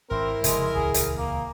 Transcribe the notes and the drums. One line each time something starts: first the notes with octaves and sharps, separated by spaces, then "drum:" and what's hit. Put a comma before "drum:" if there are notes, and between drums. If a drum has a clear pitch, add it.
G#1 C4 E4 A#4
F1 C#3 F3 G#3, drum: hi-hat
D#1 C#2 E3 G#4
drum: hi-hat
A#3